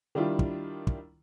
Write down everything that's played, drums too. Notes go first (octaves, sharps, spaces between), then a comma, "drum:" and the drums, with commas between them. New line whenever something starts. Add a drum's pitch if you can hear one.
D#3 G3 D4 E4 F4
drum: kick
drum: kick